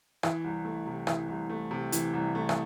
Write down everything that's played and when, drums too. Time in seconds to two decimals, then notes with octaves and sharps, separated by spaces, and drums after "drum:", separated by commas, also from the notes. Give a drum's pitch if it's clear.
0.23 E3, drum: rim click
0.44 C2
0.65 A3
0.87 C3
1.07 E3, drum: rim click
1.28 C2
1.50 A3
1.71 C3
1.92 E3, drum: hi-hat
2.13 C2
2.35 A3
2.49 drum: rim click